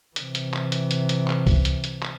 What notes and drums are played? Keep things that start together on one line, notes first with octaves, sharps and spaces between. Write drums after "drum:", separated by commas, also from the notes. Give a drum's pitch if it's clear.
C3 E3, drum: hi-hat
drum: hi-hat
drum: clap
drum: hi-hat
drum: hi-hat
drum: hi-hat
drum: clap
drum: kick C2, open hi-hat
drum: hi-hat
drum: hi-hat
drum: clap